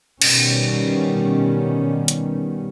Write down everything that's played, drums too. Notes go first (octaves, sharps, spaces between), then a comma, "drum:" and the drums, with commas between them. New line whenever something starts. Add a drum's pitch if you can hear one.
B2 D#3 G3 B3 C#4, drum: cymbal
drum: hi-hat